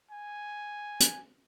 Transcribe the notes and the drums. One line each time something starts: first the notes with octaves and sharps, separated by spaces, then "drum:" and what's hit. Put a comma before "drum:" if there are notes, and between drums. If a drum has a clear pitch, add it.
G#5
drum: hi-hat